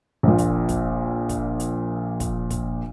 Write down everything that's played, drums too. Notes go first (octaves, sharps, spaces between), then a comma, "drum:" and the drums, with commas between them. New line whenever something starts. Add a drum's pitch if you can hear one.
A#1 A#2
drum: kick, hi-hat
drum: kick, hi-hat
drum: kick, hi-hat
drum: hi-hat
drum: kick, hi-hat
drum: kick, hi-hat